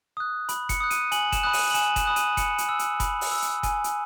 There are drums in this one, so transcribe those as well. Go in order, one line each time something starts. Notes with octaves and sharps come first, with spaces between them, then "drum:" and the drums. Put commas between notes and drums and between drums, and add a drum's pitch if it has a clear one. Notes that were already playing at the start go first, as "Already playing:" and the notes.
D#6 F#6
B5, drum: hi-hat
C#7, drum: kick F#1, hi-hat
D#6 F#6
D#7, drum: hi-hat
G#5 F#7, drum: hi-hat
E7, drum: kick F#1, hi-hat
B5 D#6 F#6
D#7, drum: open hi-hat
F#7
G#5 E7, drum: hi-hat
E7, drum: kick F#1, hi-hat
B5 D#6 F#6
D#7, drum: hi-hat
B5 C#7, drum: kick F#1, hi-hat
drum: hi-hat
E6
drum: hi-hat
B5, drum: kick F#1, hi-hat
drum: open hi-hat
E6
drum: hi-hat
G#5, drum: kick F#1, hi-hat
drum: hi-hat